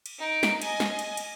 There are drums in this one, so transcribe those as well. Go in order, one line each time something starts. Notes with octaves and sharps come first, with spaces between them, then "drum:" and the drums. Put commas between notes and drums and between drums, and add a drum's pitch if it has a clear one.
drum: cymbal
D#4 D7
drum: snare
D#5 G#5, drum: cymbal
drum: snare
drum: cymbal
drum: cymbal